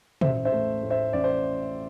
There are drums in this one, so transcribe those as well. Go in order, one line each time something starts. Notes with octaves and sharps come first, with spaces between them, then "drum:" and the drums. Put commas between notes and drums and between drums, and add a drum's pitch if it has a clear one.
A1 C5 E5, drum: tom
C5 E5
A3
A2
C5 E5
A1 D5
C5